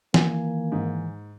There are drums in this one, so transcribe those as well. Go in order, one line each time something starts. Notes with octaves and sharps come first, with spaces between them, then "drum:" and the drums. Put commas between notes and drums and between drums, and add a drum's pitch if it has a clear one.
D#3 E3 A#3 G#5, drum: snare
G#2